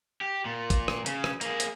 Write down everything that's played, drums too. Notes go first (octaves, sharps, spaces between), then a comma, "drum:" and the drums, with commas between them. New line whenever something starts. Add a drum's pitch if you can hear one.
G4
A#2
drum: kick, hi-hat
drum: rim click
C#3, drum: hi-hat
drum: rim click
A#3 G#4, drum: hi-hat
drum: hi-hat